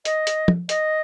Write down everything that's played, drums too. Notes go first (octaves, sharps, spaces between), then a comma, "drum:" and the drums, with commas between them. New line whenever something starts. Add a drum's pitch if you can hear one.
D#5, drum: hi-hat
drum: hi-hat
drum: tom
D#5, drum: hi-hat